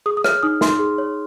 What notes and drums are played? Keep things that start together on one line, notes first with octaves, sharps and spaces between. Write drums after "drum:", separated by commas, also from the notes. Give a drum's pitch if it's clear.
G#4 D#6
D#6
C#5 F6, drum: rim click
D#4 D#6
D#4 C6, drum: snare
G#4
C#5